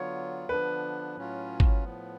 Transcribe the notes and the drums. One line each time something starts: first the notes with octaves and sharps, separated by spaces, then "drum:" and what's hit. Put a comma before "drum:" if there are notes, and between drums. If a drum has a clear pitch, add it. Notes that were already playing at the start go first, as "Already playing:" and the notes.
Already playing: D3 F#3 B3 F4 C#5
D3 F3 B3 D4 B4
A2 F#3 C#4 F4
drum: kick
A2 F3 B3